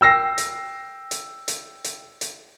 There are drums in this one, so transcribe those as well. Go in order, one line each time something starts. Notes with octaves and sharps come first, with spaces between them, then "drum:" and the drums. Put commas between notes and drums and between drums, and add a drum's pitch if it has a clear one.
G5 E6 A#6 C7
drum: hi-hat
drum: hi-hat
drum: hi-hat
drum: hi-hat
drum: hi-hat